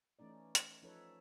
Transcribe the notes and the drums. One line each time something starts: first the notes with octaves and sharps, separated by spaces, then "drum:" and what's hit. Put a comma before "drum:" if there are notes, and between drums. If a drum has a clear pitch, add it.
E3 A3 C#4 D#4 D5
drum: hi-hat
F3 C#4 D#4 A4 B4 C#5